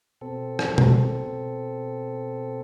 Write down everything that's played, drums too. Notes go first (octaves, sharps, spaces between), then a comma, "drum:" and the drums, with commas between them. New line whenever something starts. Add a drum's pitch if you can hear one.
B2 C4 A4
drum: rim click
drum: tom B2